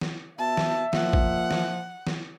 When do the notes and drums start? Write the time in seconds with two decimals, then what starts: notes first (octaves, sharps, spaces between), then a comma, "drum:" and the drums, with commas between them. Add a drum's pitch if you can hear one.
0.01 drum: snare
0.39 B2 E5 A5
0.57 drum: snare
0.93 A#2 F3 F#5, drum: snare
1.13 drum: kick
1.51 drum: snare
2.07 drum: snare